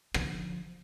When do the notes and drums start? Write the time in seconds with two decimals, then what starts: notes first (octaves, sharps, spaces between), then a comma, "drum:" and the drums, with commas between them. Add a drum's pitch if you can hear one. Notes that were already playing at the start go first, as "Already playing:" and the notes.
0.14 D3 F3, drum: rim click